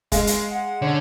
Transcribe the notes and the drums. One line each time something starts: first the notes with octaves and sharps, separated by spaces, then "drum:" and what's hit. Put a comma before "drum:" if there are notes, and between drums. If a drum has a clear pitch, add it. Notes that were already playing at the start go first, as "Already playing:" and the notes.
G#3 F5, drum: kick E1, hi-hat
drum: hi-hat
F#5
D3 C#4